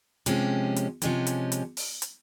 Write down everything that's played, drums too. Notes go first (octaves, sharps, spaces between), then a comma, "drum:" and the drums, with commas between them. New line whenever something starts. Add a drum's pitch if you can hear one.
C3 F3 G#3 C#4 G4, drum: hi-hat
drum: hi-hat
C3 F3 G#3 C#4 G4, drum: hi-hat
drum: hi-hat
drum: hi-hat
drum: open hi-hat
drum: hi-hat